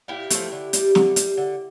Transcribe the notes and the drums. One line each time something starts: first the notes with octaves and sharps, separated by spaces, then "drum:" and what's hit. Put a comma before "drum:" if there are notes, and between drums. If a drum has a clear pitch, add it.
A#2 E4 G4
F3 A3, drum: hi-hat
D3
G3, drum: hi-hat
D3, drum: snare
G3, drum: hi-hat
D3